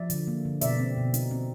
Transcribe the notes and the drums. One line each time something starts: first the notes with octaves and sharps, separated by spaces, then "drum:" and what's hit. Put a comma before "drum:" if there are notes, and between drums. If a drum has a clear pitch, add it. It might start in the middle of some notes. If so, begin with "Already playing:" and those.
Already playing: F3 D5 E5
D3, drum: hi-hat
A#3
D3
B2 D5 E5, drum: hi-hat
C4
B2
D#4, drum: hi-hat
C4